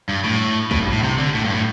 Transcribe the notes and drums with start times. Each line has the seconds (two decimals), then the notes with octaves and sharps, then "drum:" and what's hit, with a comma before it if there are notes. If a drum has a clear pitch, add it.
0.09 G2
0.24 A2
0.71 A2, drum: kick
0.81 G2
0.92 A2
1.03 C3
1.18 D3
1.34 A2
1.45 G2
1.54 A2